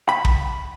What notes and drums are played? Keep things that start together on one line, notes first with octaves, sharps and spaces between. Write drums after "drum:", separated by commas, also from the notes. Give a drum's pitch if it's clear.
B5
drum: kick